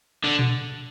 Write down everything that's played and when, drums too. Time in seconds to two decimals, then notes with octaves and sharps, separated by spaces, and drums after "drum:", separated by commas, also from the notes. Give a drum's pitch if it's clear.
0.24 D3
0.39 drum: tom A#2